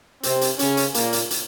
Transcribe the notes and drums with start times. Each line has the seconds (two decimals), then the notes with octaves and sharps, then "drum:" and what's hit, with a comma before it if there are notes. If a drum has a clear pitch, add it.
0.23 C3 C4, drum: hi-hat
0.41 drum: hi-hat
0.59 C#3 C#4, drum: hi-hat
0.77 drum: hi-hat
0.94 A#2 A#3, drum: hi-hat
1.13 drum: hi-hat
1.30 drum: hi-hat